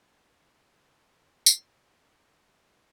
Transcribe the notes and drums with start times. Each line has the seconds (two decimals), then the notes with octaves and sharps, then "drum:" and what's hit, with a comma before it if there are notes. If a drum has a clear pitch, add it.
0.18 C4 D4
0.93 A4
1.46 drum: tambourine